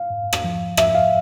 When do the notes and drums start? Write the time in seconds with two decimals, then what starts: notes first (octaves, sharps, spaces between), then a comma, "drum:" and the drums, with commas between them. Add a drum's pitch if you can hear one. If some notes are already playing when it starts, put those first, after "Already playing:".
Already playing: F5
0.10 G#2
0.33 drum: rim click
0.44 F3
0.77 G#2 E5, drum: rim click
0.95 F5